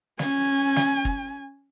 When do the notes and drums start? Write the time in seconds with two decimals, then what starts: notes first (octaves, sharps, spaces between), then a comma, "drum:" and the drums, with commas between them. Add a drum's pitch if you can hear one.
0.19 C#4 G#5, drum: snare
0.76 drum: snare
1.05 drum: kick